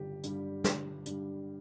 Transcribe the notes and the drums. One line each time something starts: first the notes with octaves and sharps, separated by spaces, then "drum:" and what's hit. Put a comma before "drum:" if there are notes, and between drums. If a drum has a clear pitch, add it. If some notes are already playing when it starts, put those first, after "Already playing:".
Already playing: G1 G2 G3 G4
G2 G3, drum: hi-hat
G1, drum: snare
G2 G3, drum: hi-hat